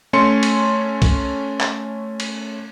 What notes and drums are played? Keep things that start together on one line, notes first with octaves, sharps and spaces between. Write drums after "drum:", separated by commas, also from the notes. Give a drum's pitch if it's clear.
A3 C#4 C6 C#7
drum: cymbal
drum: kick C2, cymbal
drum: clap
drum: cymbal